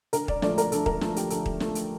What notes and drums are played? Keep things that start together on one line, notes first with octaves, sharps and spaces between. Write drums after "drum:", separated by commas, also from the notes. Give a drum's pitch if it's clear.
D3 A#4, drum: hi-hat
D5, drum: kick D#1
F3 A3 D5, drum: snare
A#4, drum: hi-hat
D3 A4, drum: hi-hat
A#4, drum: kick D#1
F3 A3 A4, drum: snare
G4, drum: hi-hat
D3 A4, drum: hi-hat
drum: kick D#1
F3 A3, drum: snare
drum: hi-hat